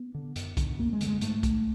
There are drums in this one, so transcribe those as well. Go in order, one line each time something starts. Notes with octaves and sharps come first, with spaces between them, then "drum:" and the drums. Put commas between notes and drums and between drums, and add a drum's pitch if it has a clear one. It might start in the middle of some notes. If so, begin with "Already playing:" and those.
Already playing: B3
D3
F#2, drum: hi-hat
D3, drum: kick, hi-hat
F#2 A#3
G#3
D3, drum: hi-hat
G#3
G#2 A3, drum: hi-hat
drum: kick, hi-hat